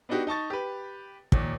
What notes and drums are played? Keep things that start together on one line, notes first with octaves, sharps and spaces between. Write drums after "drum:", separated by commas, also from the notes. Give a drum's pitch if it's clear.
B3 D4 D#4 F#4 G4
D#4 A5 C#6 A6
G4 B4
D#2 A#2, drum: kick